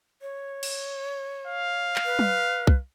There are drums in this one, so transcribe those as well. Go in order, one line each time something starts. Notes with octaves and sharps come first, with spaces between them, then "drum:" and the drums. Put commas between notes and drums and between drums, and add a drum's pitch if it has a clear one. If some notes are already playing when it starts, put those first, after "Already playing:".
C#5
drum: cymbal
F5
drum: clap
B4
drum: tom
drum: kick